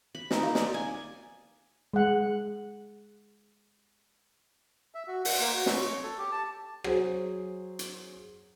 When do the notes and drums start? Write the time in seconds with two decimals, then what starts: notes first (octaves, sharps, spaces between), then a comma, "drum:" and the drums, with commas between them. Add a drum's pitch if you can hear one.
0.15 B5
0.31 D#4, drum: snare
0.43 A#3
0.55 D5, drum: snare
0.74 G#5
1.94 G#3 F#5
4.95 E5
5.08 F#4
5.25 F#5, drum: open hi-hat
5.40 A#3
5.54 F#4
5.66 C#5, drum: snare
6.03 A4
6.18 G4
6.32 A5
6.84 F#3 G#4 C5, drum: rim click
7.79 drum: hi-hat